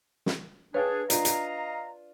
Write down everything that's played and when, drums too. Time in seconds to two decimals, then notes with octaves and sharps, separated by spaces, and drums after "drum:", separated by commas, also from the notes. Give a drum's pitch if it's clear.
0.26 drum: snare
0.74 D4 G#4 B4 C#5 F5 G5
1.10 D4 F4 D#5 F5 A#5, drum: hi-hat
1.25 drum: hi-hat